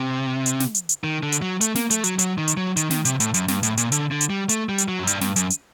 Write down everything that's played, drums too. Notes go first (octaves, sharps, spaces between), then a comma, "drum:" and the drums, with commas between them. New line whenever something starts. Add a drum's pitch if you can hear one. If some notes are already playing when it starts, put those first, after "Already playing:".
Already playing: C3
drum: hi-hat
drum: snare
drum: hi-hat
drum: hi-hat
D#3
D3
drum: hi-hat
F#3
A3, drum: hi-hat
A#3, drum: snare
A3, drum: hi-hat
F#3, drum: hi-hat
F#3, drum: hi-hat
D#3
drum: hi-hat
F#3
D#3, drum: hi-hat
D#3, drum: snare
C3, drum: hi-hat
A2, drum: hi-hat
F#2, drum: hi-hat
G2, drum: snare
A2, drum: hi-hat
A#2, drum: hi-hat
D3, drum: hi-hat
D3
drum: hi-hat
G3
A3, drum: hi-hat
G3
drum: hi-hat
F#3
F#2
G2, drum: hi-hat
G2, drum: snare
F#2, drum: hi-hat
drum: hi-hat